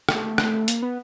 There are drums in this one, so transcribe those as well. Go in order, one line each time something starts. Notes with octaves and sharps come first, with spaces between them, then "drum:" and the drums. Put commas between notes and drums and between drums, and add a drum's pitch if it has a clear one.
A3, drum: rim click
drum: rim click
A#3, drum: hi-hat
B3